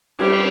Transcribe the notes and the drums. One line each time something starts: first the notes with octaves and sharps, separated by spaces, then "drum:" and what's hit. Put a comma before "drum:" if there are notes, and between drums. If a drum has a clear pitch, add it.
G3, drum: cymbal